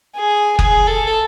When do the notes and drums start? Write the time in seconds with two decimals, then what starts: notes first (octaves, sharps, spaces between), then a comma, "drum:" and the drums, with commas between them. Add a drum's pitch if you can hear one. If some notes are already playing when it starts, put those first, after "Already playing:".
0.16 G#4
0.59 G#4, drum: kick F#1
0.87 A4